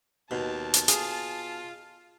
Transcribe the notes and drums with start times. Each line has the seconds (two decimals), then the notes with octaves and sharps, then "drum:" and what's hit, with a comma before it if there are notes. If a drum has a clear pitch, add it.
0.31 D#2 B2 A5
0.74 drum: hi-hat
0.88 F4 G#4, drum: hi-hat